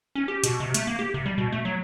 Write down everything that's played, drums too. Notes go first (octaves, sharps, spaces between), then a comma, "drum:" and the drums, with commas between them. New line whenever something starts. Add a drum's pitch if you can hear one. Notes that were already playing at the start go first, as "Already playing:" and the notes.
C#4
G4
B2, drum: hi-hat
C3
A3, drum: hi-hat
A#3
G4
C3
G3
B2
A3
F#3